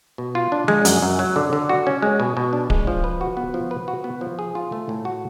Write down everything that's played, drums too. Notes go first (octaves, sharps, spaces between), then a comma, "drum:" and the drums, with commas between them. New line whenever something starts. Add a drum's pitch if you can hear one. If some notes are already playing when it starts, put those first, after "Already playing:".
B2
F4
D4
G#3, drum: tom F3
F#2, drum: hi-hat
F#2
F#3
D3
D3
F#4
C#4
G#3
B2
B2
D4
G#3, drum: kick D1
F3
B4
F#4
B3
F3
B4
F#4
B3
F3
G#4
F4
A3
A2
F#4